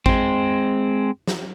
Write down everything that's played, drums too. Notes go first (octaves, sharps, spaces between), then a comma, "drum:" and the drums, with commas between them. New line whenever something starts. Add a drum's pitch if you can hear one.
G#3 C4, drum: kick
drum: snare